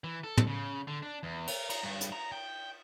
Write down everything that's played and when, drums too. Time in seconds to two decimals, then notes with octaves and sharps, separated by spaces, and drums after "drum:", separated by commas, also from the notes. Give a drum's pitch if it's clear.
0.04 E3
0.24 A4
0.37 drum: tom
0.47 C#3
0.88 D3
1.03 D4
1.23 E2
1.47 A#4, drum: cymbal
1.70 A#5, drum: cymbal
1.83 G2
2.01 drum: hi-hat
2.12 A#5
2.32 G5